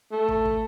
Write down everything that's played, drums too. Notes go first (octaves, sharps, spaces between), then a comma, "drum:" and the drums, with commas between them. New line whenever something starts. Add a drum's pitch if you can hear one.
A3
drum: kick
drum: kick